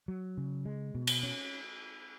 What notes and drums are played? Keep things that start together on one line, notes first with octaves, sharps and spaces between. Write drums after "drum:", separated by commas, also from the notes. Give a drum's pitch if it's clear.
F#3
C#3
G#3
B2
drum: cymbal
C#4